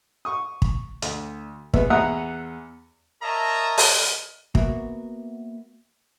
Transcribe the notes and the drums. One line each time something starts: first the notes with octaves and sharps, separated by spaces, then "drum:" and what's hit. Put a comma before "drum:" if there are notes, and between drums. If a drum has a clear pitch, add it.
C#6 D#6
drum: kick
D2, drum: hi-hat
E2 B3 E5, drum: kick
E2 E5 F#5 A#5 D#6 F#6
A#4 C#5 D#5 E5 A5 A#5
drum: open hi-hat
A#3 B3 F#4 A#4 E5, drum: kick